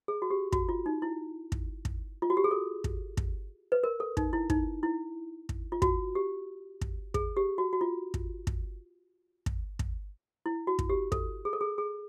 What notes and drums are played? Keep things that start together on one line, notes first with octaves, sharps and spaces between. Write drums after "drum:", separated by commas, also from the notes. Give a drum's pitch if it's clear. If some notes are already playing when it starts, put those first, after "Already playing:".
G#4
F#4
G4
F#4, drum: kick
F4
D#4
E4
drum: kick
drum: kick
F4
F#4
G4
G#4
A4
drum: kick
drum: kick
B4
A#4
A4
D#4, drum: kick
E4
D#4, drum: kick
E4
drum: kick
F4
F#4, drum: kick
G4
drum: kick
G#4, drum: kick
G4
F#4
F#4
F4
drum: kick
drum: kick
drum: kick
drum: kick
E4
F#4
drum: kick
G4
A4, drum: kick
G#4
A4
G#4
G#4